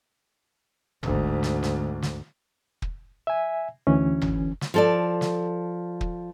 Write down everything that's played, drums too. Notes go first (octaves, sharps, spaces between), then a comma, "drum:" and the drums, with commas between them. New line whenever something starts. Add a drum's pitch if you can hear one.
D2 G#2, drum: tom G1
drum: snare
drum: snare
drum: snare
drum: kick
E5 G#5
D2 E3 C#4
drum: tom G1
drum: snare
F3 A4 D5
drum: snare
drum: kick